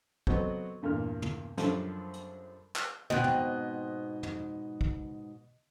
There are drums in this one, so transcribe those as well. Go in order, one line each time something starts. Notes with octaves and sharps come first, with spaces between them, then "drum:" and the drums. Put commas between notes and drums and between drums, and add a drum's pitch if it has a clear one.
F#3 B3 C4 F#4 A4 D#5, drum: kick
E2 G2 A#2 A#4 F6
drum: tom
F#2 F3 G3 A3 C#4 D4, drum: snare
drum: hi-hat
drum: clap
G#2 B2 B3 C4 D#5 F#6, drum: tom
drum: tom
drum: tom
drum: kick